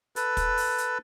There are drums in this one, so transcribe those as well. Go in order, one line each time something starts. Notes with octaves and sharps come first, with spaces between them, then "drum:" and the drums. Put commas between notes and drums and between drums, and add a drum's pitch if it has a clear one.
A4 B4, drum: hi-hat
drum: kick, hi-hat
drum: open hi-hat
drum: hi-hat